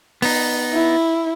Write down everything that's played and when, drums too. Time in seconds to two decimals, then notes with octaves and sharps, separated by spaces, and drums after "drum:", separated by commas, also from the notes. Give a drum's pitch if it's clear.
0.22 B3 D#4, drum: open hi-hat
0.73 E4